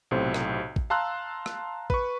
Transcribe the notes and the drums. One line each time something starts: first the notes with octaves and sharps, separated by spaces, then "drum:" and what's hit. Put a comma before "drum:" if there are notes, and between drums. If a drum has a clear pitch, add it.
B1 A2 C3 C5
drum: rim click
drum: kick
F5 A5 A#5 C6 E6 F#6
drum: rim click
B4 C#6, drum: kick